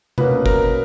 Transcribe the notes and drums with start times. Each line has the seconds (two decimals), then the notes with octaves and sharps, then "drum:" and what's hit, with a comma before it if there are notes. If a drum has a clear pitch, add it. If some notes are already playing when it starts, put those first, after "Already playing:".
0.18 B2 A#3 C#4 B4, drum: tom C3
0.46 A#4, drum: kick